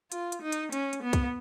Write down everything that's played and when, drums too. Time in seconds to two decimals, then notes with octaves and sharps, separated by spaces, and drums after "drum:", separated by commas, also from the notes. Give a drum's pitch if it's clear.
0.12 F4, drum: hi-hat
0.32 drum: hi-hat
0.42 D#4
0.52 drum: hi-hat
0.72 C#4, drum: hi-hat
0.93 drum: hi-hat
1.03 B3
1.13 drum: kick, hi-hat